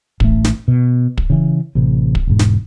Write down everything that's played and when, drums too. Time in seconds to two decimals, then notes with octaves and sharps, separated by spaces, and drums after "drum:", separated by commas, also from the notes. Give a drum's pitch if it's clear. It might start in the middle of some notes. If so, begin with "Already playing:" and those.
0.20 A1 A3, drum: kick
0.44 drum: snare
0.68 B2
1.18 drum: kick
1.30 C#3 E3
1.75 A1 C3
2.15 drum: kick
2.27 E1 G#2
2.39 drum: snare